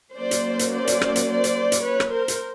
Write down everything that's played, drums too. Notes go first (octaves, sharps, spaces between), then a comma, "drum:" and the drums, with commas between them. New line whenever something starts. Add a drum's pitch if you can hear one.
F#3 A#3 C#4 C5 D5
drum: hi-hat
drum: hi-hat
C5 D5
drum: hi-hat
drum: rim click
drum: hi-hat
C5 D5
drum: hi-hat
drum: hi-hat
B4 C#5
drum: rim click
A#4 C5
drum: hi-hat